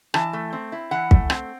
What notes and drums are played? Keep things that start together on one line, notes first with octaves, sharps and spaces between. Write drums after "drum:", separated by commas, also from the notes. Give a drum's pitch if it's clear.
E3 A5, drum: rim click
A3
C4
E4
E3 F#5
A3, drum: kick
C4, drum: rim click